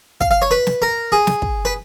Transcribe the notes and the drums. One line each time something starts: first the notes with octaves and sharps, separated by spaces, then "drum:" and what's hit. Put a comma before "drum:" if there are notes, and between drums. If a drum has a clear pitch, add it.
F5, drum: kick
F5
C#5
B4
drum: snare
A#4
G#4
drum: snare
drum: kick
B4